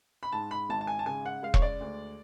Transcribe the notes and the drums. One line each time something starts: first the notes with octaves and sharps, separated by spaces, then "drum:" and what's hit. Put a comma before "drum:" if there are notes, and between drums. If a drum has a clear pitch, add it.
B5
G#2 A5
B5
G#1 A5
A5
G#5
A5
C#3 G#5
F#5
G#3 F5
C#5, drum: kick E1
D5
D2